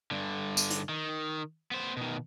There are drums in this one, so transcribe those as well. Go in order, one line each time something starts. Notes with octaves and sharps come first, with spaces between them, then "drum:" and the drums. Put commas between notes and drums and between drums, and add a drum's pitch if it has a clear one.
G2 D3
drum: tambourine
drum: hi-hat
D#3
B3 C5
B2 D#3